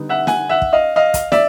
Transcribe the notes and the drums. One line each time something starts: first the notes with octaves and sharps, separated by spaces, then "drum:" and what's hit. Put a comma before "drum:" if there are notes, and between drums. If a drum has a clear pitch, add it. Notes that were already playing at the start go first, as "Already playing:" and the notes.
Already playing: D3 G3 B3 D#4
E5 F#5
F#5 G#5, drum: snare
E5 F#5
drum: kick
D#5 F5
D#5 F5
drum: kick, hi-hat
D5 E5, drum: snare